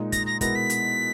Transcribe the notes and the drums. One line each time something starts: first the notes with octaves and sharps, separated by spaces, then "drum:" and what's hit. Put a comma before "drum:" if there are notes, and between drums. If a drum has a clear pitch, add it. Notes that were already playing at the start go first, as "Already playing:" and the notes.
Already playing: A#2 G#3 D#4
A#6, drum: kick, hi-hat
A#6
B2 G#3 B3 E4 A#4 A#6, drum: kick, hi-hat
B6
drum: hi-hat